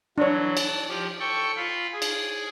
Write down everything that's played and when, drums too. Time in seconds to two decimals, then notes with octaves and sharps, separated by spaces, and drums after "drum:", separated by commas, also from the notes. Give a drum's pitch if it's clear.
0.18 E3 F#3 D4 C#5
0.57 A5, drum: cymbal
0.89 F3 G4
1.20 A4 G5 C#6
1.57 F4 B5
1.93 G#4
2.02 drum: cymbal